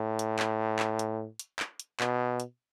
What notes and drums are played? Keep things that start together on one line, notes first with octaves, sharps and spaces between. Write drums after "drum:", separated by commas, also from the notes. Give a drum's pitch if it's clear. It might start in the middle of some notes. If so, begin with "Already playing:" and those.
Already playing: A2
drum: hi-hat
drum: clap
drum: clap
drum: hi-hat
drum: hi-hat
drum: clap
drum: hi-hat
B2, drum: clap
drum: hi-hat